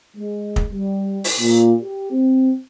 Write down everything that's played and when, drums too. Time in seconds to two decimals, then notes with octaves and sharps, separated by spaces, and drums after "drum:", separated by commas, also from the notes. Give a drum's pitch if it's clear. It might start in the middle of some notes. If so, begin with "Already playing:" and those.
0.15 G#3
0.56 drum: kick
0.72 G3
1.24 drum: open hi-hat
1.39 A#2
1.80 G4
2.10 C4